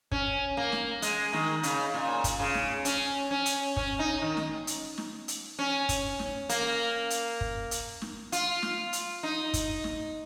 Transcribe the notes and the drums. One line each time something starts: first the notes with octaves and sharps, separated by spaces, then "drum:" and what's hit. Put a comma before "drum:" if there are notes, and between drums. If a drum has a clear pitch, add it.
C#4, drum: kick
A#3
drum: snare
G#3, drum: hi-hat
D#3, drum: snare
C#3, drum: hi-hat
A#2
drum: kick, hi-hat
C#3
drum: snare
C#4, drum: hi-hat
C#4
drum: hi-hat
C#4, drum: kick
D#4
D#3
drum: snare
drum: hi-hat
drum: snare
drum: hi-hat
C#4
drum: kick, hi-hat
drum: snare
A#3, drum: hi-hat
drum: hi-hat
drum: kick
drum: hi-hat
drum: snare
F4, drum: hi-hat
drum: snare
drum: hi-hat
D#4
drum: kick, hi-hat
drum: snare